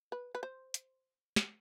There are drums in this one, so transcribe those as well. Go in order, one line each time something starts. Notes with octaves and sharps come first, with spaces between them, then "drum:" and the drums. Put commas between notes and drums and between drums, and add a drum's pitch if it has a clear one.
B4
B4
C5
drum: hi-hat
drum: snare